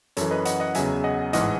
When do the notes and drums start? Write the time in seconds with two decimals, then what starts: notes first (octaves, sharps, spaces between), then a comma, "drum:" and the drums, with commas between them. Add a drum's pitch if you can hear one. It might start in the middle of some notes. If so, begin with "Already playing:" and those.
0.17 F#2 E3 A4 C#5, drum: hi-hat
0.31 B4 D#5
0.45 D#5 F#5, drum: hi-hat
0.60 D#5 F#5
0.75 E2 C#3 F#3 E5 G#5, drum: hi-hat
1.04 D#5 F#5
1.33 A1 G#2 E3 D#5 F#5, drum: hi-hat